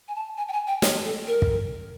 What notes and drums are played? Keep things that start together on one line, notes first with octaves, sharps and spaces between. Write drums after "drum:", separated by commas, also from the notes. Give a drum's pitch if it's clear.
G#5
A5
G#5
G5
G#5
G5
C#5, drum: snare
A4
A#4
drum: kick